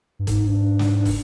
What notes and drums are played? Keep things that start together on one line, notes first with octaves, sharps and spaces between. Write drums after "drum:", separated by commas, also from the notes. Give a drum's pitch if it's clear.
G2
G#2 D#4, drum: kick, hi-hat
D4
drum: snare
drum: kick, open hi-hat